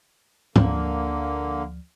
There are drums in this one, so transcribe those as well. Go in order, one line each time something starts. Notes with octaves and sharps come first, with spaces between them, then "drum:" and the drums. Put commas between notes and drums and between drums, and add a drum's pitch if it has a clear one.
D2 D3 F3 A#3, drum: tom G#2